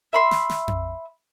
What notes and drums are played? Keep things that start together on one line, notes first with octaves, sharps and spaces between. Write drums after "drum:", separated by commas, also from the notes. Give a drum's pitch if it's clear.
E5 B5 C6
drum: snare
drum: snare
drum: tom F2